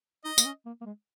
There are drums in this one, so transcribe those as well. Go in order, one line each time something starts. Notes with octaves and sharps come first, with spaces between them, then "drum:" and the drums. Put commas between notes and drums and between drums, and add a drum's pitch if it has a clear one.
D#4 D#5
A#3, drum: tambourine
C#4
A#3
A#3
G#3